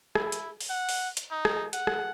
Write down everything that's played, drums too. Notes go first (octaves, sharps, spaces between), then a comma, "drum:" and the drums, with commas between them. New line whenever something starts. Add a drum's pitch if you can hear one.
E4, drum: rim click
drum: hi-hat
drum: open hi-hat
F#5
drum: open hi-hat
drum: hi-hat
D#4
drum: rim click
F#5, drum: hi-hat
drum: rim click